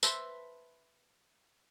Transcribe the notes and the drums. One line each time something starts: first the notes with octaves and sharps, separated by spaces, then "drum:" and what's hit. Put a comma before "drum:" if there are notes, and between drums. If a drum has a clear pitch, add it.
B4 C5 E5 A5 B5, drum: tambourine